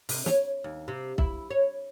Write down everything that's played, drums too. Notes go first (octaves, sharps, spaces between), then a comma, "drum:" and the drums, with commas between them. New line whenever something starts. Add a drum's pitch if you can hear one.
C3, drum: open hi-hat
C#5, drum: snare
D#2
C3
E4, drum: kick B1
C#5